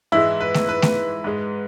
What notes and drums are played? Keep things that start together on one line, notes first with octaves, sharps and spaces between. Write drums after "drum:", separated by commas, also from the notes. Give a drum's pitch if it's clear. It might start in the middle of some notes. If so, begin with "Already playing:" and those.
G#2 E3 G#3 E4 E5
B4
drum: snare A3
B4
drum: snare A3
G#2 G#3